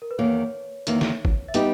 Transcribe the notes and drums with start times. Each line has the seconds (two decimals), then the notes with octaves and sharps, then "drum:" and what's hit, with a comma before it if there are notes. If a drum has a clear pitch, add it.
0.02 A#4
0.11 B4
0.18 E2 D#3 A#3 C#5
0.87 E2 D#3 A#3, drum: hi-hat
1.01 drum: snare
1.25 drum: kick
1.48 E5
1.54 G3 B3 D#4 G4 D#5, drum: hi-hat